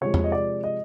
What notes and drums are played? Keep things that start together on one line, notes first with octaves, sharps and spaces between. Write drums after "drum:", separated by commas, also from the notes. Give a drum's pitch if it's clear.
C3 F3 G#3 C#5
drum: tom E2
D#5
D5
D#5